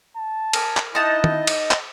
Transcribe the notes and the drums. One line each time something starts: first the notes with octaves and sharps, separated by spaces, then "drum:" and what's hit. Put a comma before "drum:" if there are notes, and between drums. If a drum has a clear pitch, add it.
A5
A#4 G#5, drum: cymbal
drum: clap
D#4 E4 D#5 F#5 A5
drum: tom
drum: cymbal
drum: clap